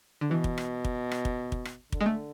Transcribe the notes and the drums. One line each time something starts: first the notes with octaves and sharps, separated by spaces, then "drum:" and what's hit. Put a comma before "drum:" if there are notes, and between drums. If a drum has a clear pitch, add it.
D3
B2 E3
drum: kick
drum: rim click
drum: kick
drum: rim click
drum: kick
drum: kick
drum: rim click
D3, drum: kick
G#3
A3